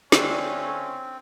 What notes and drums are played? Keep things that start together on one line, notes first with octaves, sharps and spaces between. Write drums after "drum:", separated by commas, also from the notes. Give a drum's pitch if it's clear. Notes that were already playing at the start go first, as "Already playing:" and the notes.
D3 A3 C4 C#4, drum: snare